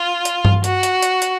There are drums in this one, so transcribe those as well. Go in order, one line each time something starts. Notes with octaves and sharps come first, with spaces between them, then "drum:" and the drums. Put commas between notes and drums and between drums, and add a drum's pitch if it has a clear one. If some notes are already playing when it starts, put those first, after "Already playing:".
Already playing: F4
drum: hi-hat
drum: tom G2
F#4, drum: hi-hat
drum: hi-hat
drum: hi-hat
drum: hi-hat